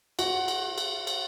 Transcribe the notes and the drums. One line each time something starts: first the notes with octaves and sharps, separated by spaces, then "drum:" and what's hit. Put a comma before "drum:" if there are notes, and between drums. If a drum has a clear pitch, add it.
F#4, drum: cymbal
drum: cymbal
drum: cymbal
drum: cymbal